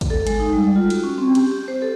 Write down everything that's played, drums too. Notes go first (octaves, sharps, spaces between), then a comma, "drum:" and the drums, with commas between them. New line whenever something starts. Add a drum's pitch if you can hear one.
drum: kick, cymbal
A4
G#3, drum: cymbal
D#4
G3
F4
F#4, drum: cymbal
C#4
C4
G4, drum: cymbal
G4
C5
A4